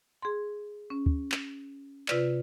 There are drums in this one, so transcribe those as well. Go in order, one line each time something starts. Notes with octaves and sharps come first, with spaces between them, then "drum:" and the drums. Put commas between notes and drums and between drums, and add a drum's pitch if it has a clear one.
G#4 C6
C#4
drum: kick
drum: clap
C3 F4 B4 D5, drum: clap